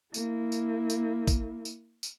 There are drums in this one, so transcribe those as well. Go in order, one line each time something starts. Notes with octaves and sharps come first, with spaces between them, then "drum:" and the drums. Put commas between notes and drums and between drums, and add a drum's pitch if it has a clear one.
A#3 E4, drum: tambourine
drum: tambourine
drum: tambourine
drum: kick, tambourine
drum: tambourine
drum: tambourine